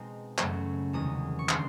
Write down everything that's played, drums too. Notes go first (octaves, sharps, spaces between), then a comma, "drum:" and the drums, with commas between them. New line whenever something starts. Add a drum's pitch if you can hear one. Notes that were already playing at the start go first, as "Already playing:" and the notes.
Already playing: B2 G#3 C4 D#4
F#2 C#3 F#3 A3, drum: clap
E2 C3 D#3 G#3 C#4 D#6
C#6
D3 G3 C4 D#4 C6, drum: clap